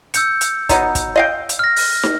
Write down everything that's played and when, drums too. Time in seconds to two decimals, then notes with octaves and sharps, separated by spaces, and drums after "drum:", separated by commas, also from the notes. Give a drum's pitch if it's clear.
0.14 E6 G6 C#7, drum: hi-hat
0.41 drum: hi-hat
0.69 F#3 B3 D#4, drum: kick, hi-hat
0.95 drum: kick, hi-hat
1.16 D#5 F5 G5
1.49 drum: hi-hat
1.59 F6 A#6
1.76 drum: open hi-hat
2.03 drum: snare